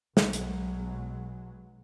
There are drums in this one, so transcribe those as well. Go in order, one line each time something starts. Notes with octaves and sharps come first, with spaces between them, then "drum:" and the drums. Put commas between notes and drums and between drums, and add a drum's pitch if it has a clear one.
B1 B2 F#3 G#3, drum: snare
drum: hi-hat